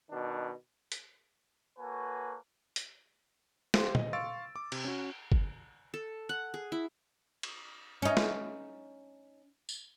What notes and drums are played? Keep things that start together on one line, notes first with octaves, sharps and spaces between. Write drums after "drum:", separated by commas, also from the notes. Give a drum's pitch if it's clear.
B2 D#3 D4
drum: hi-hat
A#3 F#4 A4 B4 C#5 G#5
drum: hi-hat
G4 C5 F5 C6, drum: snare
D#5, drum: tom A#2
F5 C6 C#6 E6 A6 D7
D6
C3, drum: cymbal
C#4 F#4
drum: kick G1
A4
F#5
G#4
E4
drum: cymbal
C#4 D#4
drum: snare
drum: tambourine